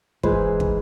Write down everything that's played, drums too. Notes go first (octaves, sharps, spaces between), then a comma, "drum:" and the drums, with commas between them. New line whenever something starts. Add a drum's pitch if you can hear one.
G#2 E3 G#3 B4 C5, drum: kick
drum: kick